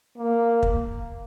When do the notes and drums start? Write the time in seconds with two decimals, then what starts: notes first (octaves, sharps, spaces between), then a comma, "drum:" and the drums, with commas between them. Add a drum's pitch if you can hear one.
0.17 A#3
0.63 drum: kick